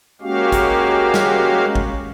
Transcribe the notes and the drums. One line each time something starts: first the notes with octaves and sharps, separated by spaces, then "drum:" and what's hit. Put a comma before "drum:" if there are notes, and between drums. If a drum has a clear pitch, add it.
G#3 A#3 C#4 F#4 G4 F5
drum: kick G#1, hi-hat
drum: snare
drum: kick G#1